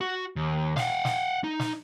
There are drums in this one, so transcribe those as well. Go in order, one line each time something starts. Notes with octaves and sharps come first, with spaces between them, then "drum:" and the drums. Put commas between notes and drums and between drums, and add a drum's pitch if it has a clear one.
F#4
D#2
F5 F#5, drum: snare
drum: snare
D#4
drum: snare